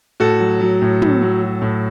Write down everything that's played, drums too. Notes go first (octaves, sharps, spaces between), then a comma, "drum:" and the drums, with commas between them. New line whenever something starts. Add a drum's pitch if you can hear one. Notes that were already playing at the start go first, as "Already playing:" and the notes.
A2 F#4 A4
F#3
F#3
A2
A2, drum: tom
F#3
F#3
A2